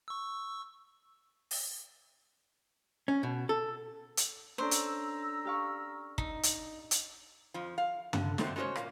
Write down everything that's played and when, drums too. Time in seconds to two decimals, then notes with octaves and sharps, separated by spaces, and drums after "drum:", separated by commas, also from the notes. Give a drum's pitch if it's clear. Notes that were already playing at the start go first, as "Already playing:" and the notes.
0.08 C#6 E6
1.51 drum: open hi-hat
3.08 C#4
3.23 B2
3.49 A4
4.17 drum: hi-hat
4.58 C#4 D4 A4 C5 A#5 E6
4.71 drum: hi-hat
5.45 G4 F5 C#6
6.18 D#4, drum: kick
6.43 drum: hi-hat
6.91 drum: hi-hat
7.54 F2 F3
7.78 F5
8.13 F#2 D3, drum: tom
8.38 D3 D#3 F#3 A3 C4 C5, drum: snare
8.56 G#3 C#4 F#4 A4 C5 C#5
8.76 A#2 A#3, drum: rim click